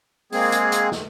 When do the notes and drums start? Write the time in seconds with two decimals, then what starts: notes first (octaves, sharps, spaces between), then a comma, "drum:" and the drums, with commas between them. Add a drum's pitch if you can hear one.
0.32 G#3 A#3 C4 G#4, drum: open hi-hat
0.52 drum: hi-hat
0.72 drum: hi-hat
0.92 drum: snare